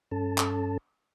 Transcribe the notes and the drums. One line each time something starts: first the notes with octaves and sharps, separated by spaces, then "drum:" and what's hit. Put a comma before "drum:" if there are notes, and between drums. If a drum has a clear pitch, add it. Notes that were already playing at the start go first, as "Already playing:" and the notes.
G2 C#4 A4 A5
drum: clap